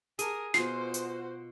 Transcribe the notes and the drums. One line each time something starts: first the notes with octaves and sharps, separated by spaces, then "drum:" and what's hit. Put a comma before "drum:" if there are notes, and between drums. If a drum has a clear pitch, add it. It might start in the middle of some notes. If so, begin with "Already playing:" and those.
G#4 A#4, drum: hi-hat
B2 F4 F#4 C5 C7, drum: snare
drum: hi-hat